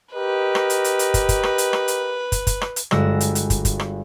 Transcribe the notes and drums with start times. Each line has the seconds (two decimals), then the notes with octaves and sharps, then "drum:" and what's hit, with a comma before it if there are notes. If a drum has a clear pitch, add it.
0.14 G4 A#4 B4 D#5
0.55 drum: rim click
0.70 drum: hi-hat
0.84 drum: hi-hat
0.99 drum: hi-hat
1.14 drum: kick, hi-hat
1.29 drum: kick, hi-hat
1.43 drum: rim click
1.58 drum: hi-hat
1.73 drum: rim click
1.88 drum: hi-hat
2.32 drum: kick, hi-hat
2.47 drum: kick, hi-hat
2.61 drum: rim click
2.76 drum: hi-hat
2.91 G1 G#3 F#4 E6 A#6, drum: rim click
3.21 drum: hi-hat
3.35 drum: hi-hat
3.50 drum: kick, hi-hat
3.65 drum: kick, hi-hat
3.80 drum: rim click